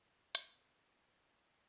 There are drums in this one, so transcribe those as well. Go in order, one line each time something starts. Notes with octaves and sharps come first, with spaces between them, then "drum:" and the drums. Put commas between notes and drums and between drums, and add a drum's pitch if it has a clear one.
A2 C#6
C4, drum: hi-hat
A#3 B3 D#4
C4
E2